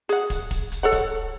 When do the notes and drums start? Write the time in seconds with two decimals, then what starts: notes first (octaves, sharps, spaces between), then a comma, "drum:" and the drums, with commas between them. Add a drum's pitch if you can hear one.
0.09 G#4 F#5, drum: hi-hat
0.30 drum: kick, hi-hat
0.51 drum: kick, hi-hat
0.72 drum: hi-hat
0.83 A4 C#5 F#5
0.92 drum: kick, hi-hat